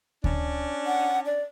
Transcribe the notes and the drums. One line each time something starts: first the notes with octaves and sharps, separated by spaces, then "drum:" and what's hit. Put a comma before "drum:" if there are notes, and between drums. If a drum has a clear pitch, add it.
C#4 D4, drum: kick D2
F#5
D5